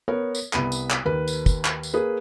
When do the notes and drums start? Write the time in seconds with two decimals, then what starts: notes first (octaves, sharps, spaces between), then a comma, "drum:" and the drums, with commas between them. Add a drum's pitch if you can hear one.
0.08 B3 A#4 C#5
0.35 drum: tambourine
0.53 C2 B3 B5 D#7, drum: clap
0.72 drum: tambourine
0.90 drum: clap
1.05 D#2 A#4 B4
1.28 drum: tambourine
1.46 drum: kick, tambourine
1.65 drum: clap
1.83 drum: tambourine
1.94 A#3 G#4 B4